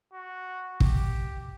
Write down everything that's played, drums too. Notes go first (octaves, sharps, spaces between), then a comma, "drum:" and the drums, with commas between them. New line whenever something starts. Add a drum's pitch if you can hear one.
F#4
G4, drum: kick